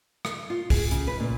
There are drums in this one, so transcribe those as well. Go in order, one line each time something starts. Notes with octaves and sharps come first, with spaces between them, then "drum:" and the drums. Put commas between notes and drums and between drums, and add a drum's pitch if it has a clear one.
drum: rim click
F4
G#4, drum: kick B1, open hi-hat
C#3, drum: hi-hat
B4
A#2